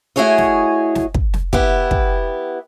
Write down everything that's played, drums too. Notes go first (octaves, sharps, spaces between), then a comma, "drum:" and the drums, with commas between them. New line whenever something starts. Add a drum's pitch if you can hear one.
A3 E4 F#4 G#4 C#5 D#5
drum: snare
drum: snare
drum: kick
drum: snare
B3 E4 G4, drum: kick
drum: kick